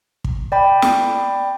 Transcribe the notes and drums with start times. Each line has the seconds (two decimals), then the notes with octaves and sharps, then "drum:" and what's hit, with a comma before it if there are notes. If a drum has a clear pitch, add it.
0.24 drum: kick
0.52 D5 G5 B5
0.82 drum: snare